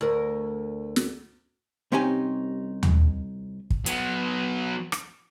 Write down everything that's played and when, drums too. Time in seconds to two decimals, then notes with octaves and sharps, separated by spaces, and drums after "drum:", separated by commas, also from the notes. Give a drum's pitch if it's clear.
0.01 D2 A#4
0.96 drum: snare
1.92 C2 C4 C#4 D#4 G4 G#5
2.83 drum: tom D#2
3.70 drum: kick
3.86 F#3 B3, drum: hi-hat
4.92 drum: rim click